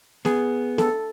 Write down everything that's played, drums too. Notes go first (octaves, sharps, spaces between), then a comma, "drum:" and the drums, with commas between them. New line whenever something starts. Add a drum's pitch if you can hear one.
B3 G#4 G#5, drum: snare B3
A4, drum: snare B3